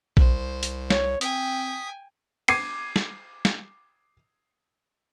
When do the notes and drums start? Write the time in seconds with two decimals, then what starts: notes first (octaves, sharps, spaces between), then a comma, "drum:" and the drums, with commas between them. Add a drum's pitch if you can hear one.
0.17 C2 C5, drum: kick A#1
0.63 drum: hi-hat
0.90 C#5, drum: snare
1.21 C4 G5 G#5 D#6 B6, drum: hi-hat
2.48 D6 G#6 C7 D#7, drum: cymbal
2.96 drum: snare
3.45 drum: snare